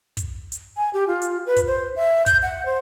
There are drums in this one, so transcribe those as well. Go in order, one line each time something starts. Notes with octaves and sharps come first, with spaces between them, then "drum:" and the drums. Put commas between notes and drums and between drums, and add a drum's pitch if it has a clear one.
drum: kick, hi-hat
drum: hi-hat
G#5
G4
F4
drum: hi-hat
B4
drum: kick, hi-hat
C5
E5
G6, drum: kick, hi-hat
F#5
C5